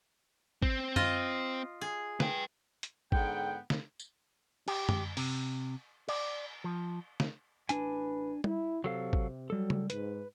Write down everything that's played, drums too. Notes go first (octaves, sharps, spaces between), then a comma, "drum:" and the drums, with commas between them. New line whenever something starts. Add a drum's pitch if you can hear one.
C4, drum: kick G#1
F4 D#5, drum: tom F#2
G#4
B4 G5, drum: snare
drum: hi-hat
G#2 D3 B3 G5, drum: kick G#1
drum: snare
drum: tambourine
G4, drum: cymbal
drum: tom F#2
C3, drum: open hi-hat
D5, drum: cymbal
F3
drum: snare
A1 D4 B4 G#5, drum: hi-hat
E4, drum: tom G3
C3 F#3 A4 F5
drum: kick G#1
F#3 G3 A4
drum: tom C#3
G#2 B4, drum: hi-hat